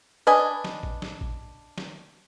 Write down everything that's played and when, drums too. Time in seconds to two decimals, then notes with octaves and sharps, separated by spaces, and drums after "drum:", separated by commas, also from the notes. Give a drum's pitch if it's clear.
0.27 D4 B4 D#5 G#5
0.64 drum: snare
0.83 drum: kick
1.02 drum: snare
1.21 drum: kick
1.78 drum: snare